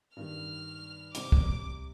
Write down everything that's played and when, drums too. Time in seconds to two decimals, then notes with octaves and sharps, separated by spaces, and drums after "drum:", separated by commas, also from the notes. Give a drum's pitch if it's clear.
0.16 G2 D#3 G3 F6
1.15 C3 G3 C4 D6, drum: hi-hat
1.32 drum: kick